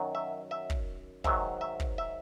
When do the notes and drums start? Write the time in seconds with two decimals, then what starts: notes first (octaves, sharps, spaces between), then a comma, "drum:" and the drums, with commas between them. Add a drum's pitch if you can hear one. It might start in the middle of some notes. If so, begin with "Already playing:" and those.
Already playing: F#2 D#3 F#3
0.15 E5
0.51 E5
0.70 drum: kick
1.24 G#2 D#3 F#3 E5, drum: kick
1.61 E5
1.80 drum: kick
1.98 E5